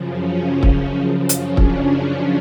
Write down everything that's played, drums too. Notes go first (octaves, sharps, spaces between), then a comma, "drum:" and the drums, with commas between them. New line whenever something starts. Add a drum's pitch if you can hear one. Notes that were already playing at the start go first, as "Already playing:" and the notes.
Already playing: F#2 C#3 F3
C#4
drum: kick
F#2 C#3 F3
C#4, drum: hi-hat
D4, drum: kick